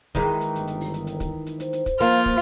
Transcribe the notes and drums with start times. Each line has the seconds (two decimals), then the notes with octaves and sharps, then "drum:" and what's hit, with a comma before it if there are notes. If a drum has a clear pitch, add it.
0.15 D#3 E3 G#3, drum: kick, hi-hat
0.41 drum: hi-hat
0.56 G1, drum: hi-hat
0.67 drum: hi-hat
0.81 drum: open hi-hat
0.94 drum: hi-hat
1.07 drum: hi-hat
1.20 drum: kick, hi-hat
1.47 drum: hi-hat
1.60 C5, drum: hi-hat
1.73 drum: hi-hat
1.86 drum: kick, hi-hat
2.00 F3 A#3 F4, drum: hi-hat
2.12 drum: hi-hat
2.26 drum: kick